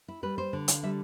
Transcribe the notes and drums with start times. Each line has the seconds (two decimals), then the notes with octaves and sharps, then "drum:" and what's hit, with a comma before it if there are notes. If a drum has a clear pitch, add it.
0.08 E4
0.23 G3 B4
0.38 C5
0.53 D3
0.68 F5, drum: hi-hat
0.83 G3 E5